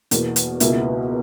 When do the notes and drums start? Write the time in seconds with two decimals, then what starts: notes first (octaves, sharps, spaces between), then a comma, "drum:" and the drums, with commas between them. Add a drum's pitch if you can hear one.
0.11 E2 B2 A#3, drum: hi-hat
0.36 drum: hi-hat
0.60 C#2 B2 A#3 E4, drum: hi-hat